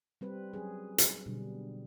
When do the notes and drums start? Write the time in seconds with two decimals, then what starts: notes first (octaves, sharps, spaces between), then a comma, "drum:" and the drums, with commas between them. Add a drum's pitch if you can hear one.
0.21 G3 C4 B4
0.53 F#3 C#4 G#4
0.98 drum: hi-hat
1.26 B2 D3 G3